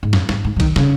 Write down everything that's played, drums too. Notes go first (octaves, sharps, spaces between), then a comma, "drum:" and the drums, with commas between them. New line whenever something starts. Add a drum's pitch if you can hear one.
G#2
F#2, drum: snare
G#2, drum: snare
G#2
F#3
D#3, drum: kick B1, cymbal
C#3, drum: snare